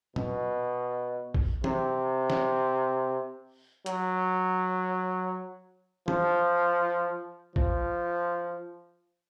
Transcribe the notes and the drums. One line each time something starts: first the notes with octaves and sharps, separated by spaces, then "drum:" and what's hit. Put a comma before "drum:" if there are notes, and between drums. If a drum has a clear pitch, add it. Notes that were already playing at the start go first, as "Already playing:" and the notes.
B2, drum: tom A#2
drum: kick
C3, drum: tom E3
drum: snare
F#3, drum: hi-hat
F3, drum: tom E3
F3, drum: kick